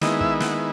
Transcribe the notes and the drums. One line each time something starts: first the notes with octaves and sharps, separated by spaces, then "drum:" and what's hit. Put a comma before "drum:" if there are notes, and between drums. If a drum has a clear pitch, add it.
D#3 G#3 B3 E4 D#5, drum: snare
E5, drum: kick
F#5, drum: snare